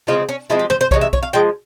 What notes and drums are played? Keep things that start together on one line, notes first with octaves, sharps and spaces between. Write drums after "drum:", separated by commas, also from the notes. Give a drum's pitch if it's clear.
C#3 F3 G#3 C4 F4
C#4
F3 G#3 C4 E4
G4
C5, drum: tom
C5
C3 E3 G#3 C#5, drum: kick
E5
C#5, drum: kick
F5
F3 G#3 G5